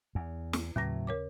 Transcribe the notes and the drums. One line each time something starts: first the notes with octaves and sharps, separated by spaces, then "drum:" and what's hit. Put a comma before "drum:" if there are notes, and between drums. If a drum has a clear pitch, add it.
E2
drum: snare
D#2 A2 C#3 F#3 A#6
A#4 C#5 D6